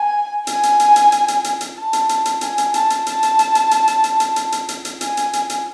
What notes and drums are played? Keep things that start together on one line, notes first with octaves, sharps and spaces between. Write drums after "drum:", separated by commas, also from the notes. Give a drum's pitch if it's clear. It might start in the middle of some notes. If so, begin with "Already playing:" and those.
Already playing: G#5
G#5, drum: hi-hat
drum: hi-hat
drum: hi-hat
drum: hi-hat
drum: hi-hat
drum: hi-hat
drum: hi-hat
drum: hi-hat
A5
drum: hi-hat
drum: hi-hat
drum: hi-hat
G#5, drum: hi-hat
drum: hi-hat
A5, drum: hi-hat
drum: hi-hat
A5, drum: hi-hat
drum: hi-hat
drum: hi-hat
drum: hi-hat
drum: hi-hat
drum: hi-hat
drum: hi-hat
drum: hi-hat
drum: hi-hat
drum: hi-hat
drum: hi-hat
drum: hi-hat
G#5, drum: hi-hat
drum: hi-hat
drum: hi-hat
drum: hi-hat